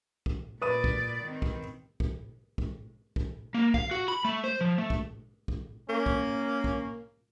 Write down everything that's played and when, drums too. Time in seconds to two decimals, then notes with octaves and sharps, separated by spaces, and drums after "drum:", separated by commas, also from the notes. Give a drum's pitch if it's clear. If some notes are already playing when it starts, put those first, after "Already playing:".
0.26 drum: kick
0.61 A#2 B4 D5 D#6 D#7
0.84 drum: kick
1.24 D#3 C4
1.42 drum: kick
2.00 drum: kick
2.58 drum: kick
3.16 drum: kick
3.54 A#3
3.74 F5, drum: kick
3.91 F#4
4.08 B5
4.25 A3
4.44 C5
4.61 F3
4.78 A3
4.90 drum: kick
5.48 drum: kick
5.89 A#3 C#4
6.06 drum: kick
6.64 drum: kick